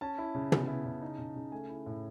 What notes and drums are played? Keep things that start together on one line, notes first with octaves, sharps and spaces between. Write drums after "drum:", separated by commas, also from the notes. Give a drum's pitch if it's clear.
C#4 A5
E4
C#3
B3, drum: tom
E4
C#3
D#4
C#3
C#3
A3 G#5
E4
A2